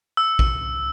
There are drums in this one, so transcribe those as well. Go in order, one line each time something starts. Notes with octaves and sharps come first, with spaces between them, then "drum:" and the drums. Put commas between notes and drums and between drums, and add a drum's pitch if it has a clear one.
E6
drum: kick A1